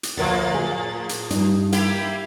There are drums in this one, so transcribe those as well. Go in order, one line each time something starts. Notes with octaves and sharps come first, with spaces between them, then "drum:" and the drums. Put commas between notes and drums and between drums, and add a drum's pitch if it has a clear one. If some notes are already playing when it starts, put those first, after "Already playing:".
drum: hi-hat
D2 A2 F3 A#3 B4 C#5 A6
G#4
drum: hi-hat
G2 D#4, drum: hi-hat
A#3 E4 G4, drum: hi-hat